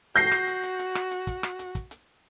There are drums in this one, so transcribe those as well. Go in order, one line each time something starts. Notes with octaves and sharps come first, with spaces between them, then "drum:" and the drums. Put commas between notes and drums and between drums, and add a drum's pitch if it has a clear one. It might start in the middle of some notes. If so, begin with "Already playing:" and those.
F#4 G6 A#6 C7, drum: hi-hat
drum: rim click
drum: hi-hat
drum: hi-hat
drum: hi-hat
drum: rim click
drum: hi-hat
drum: kick, hi-hat
drum: rim click
drum: hi-hat
drum: kick, hi-hat
drum: hi-hat